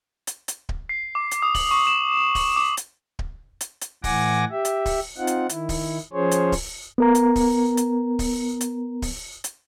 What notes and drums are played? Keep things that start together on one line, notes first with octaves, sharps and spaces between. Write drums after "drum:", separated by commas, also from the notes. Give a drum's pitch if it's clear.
drum: hi-hat
drum: hi-hat
drum: kick D1
C7
D6
drum: hi-hat
D#6
F#7, drum: kick D1, open hi-hat
C#6
E7
F#7, drum: kick D1, open hi-hat
D6
drum: hi-hat
drum: kick D1
drum: hi-hat
drum: hi-hat
A2 E3 F#5 G#5 D6 A#6, drum: kick D1, open hi-hat
G4 E5
drum: hi-hat
drum: kick D1, open hi-hat
C4 D#4 F4 F#5
drum: hi-hat
D#3 E4, drum: hi-hat
drum: kick D1, open hi-hat
F3 C#4 G#4 C5 C#5
drum: hi-hat
drum: kick D1, open hi-hat
B3 A#4 A#5
drum: hi-hat
drum: kick D1, open hi-hat
drum: hi-hat
drum: kick D1, open hi-hat
drum: hi-hat
drum: kick D1, open hi-hat
drum: hi-hat